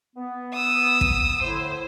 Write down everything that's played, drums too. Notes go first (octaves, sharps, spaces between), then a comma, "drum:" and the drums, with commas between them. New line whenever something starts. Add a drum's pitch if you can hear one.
B3
D#6 E6
drum: kick
A2 D3 E4 C5